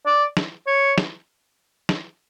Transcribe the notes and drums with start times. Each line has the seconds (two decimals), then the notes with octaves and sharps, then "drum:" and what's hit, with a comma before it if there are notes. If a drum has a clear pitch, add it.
0.06 D5
0.37 drum: snare
0.67 C#5
0.98 drum: snare
1.89 drum: snare